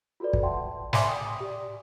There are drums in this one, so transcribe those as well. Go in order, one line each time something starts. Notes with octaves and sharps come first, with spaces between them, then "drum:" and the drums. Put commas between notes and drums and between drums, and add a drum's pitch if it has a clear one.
F4 F#4 A4 B4 D5
drum: kick
E5 F#5 G5 A5 C6
D5 E5 G#5 B5 C6 D6, drum: snare
G5 D#6
G4 D5